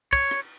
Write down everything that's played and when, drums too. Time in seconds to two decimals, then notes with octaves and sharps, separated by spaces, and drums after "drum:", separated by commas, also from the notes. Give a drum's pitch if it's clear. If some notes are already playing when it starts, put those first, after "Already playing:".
0.13 C#5, drum: kick, cymbal
0.31 drum: rim click